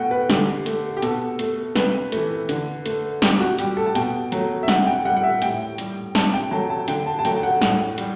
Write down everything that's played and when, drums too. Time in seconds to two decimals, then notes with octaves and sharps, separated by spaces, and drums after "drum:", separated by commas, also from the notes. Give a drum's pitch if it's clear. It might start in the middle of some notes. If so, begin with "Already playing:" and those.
Already playing: B2 A3 F#5 G5
0.11 B4
0.30 D3 G4, drum: snare
0.66 A3, drum: hi-hat
0.97 G4
1.02 B2 A4, drum: hi-hat
1.39 A3, drum: hi-hat
1.76 C3 B4, drum: snare
2.12 E3 A3, drum: hi-hat
2.49 D3, drum: hi-hat
2.86 A3, drum: hi-hat
3.22 C3 G4, drum: snare
3.40 F#4
3.58 G3 G4, drum: hi-hat
3.77 A4
3.86 A5
3.95 B2 G5, drum: hi-hat
4.32 F#3 A3, drum: hi-hat
4.63 E5
4.68 C3 F#5, drum: snare
4.87 G5
5.05 G3 F#5
5.17 F#5
5.23 E5
5.42 A2 G5, drum: hi-hat
5.78 G3, drum: hi-hat
6.15 C3 A5, drum: snare
6.33 G5
6.51 F#3 A3 A5
6.70 A5
6.88 D3 G5, drum: hi-hat
7.06 A5
7.19 A5
7.25 F#3 A3 G5, drum: hi-hat
7.43 F#5
7.61 A2, drum: snare
7.98 G3, drum: hi-hat